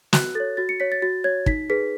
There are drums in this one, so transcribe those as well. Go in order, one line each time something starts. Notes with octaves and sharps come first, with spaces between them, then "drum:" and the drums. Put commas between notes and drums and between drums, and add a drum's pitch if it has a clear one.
F#4 F#6, drum: snare
A4 C#5 A6
F#4 A6
C#7
C#5 B6
A6
F#4 A6
C#5 G#6
D#4 B6, drum: kick
G#4 B4 B6